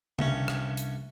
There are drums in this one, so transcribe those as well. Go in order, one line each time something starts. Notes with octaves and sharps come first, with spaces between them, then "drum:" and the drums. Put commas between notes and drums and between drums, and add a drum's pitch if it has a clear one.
C2 G2 C#4, drum: tom C#3
drum: rim click
drum: hi-hat